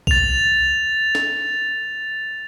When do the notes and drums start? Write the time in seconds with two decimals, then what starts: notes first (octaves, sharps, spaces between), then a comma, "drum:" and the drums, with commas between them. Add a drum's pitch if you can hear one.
0.07 A6 F7, drum: kick B1
1.15 drum: snare